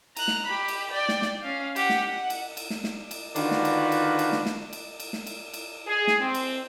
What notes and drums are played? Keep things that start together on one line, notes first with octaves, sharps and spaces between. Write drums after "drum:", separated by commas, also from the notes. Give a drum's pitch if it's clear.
A#5 F#6, drum: cymbal
drum: snare
G4 B5
drum: cymbal
D5 G5
drum: snare
drum: snare
C#4 F5
G4 F#5, drum: cymbal
drum: snare
F#5
drum: cymbal
drum: cymbal
drum: snare
drum: snare
drum: cymbal
D3 D#3 D4 F4 F#4 B4, drum: cymbal
drum: snare
drum: cymbal
drum: cymbal
drum: cymbal
drum: snare
drum: snare
drum: cymbal
drum: cymbal
drum: snare
drum: cymbal
drum: cymbal
G#4
drum: snare
C4
drum: cymbal